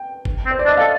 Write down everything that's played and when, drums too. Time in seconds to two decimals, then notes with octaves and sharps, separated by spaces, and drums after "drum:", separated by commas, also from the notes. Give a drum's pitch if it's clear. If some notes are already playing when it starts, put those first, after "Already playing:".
Already playing: G5
0.25 drum: kick
0.46 C4
0.51 C5
0.59 D5
0.66 D4 D#5
0.77 A4 F5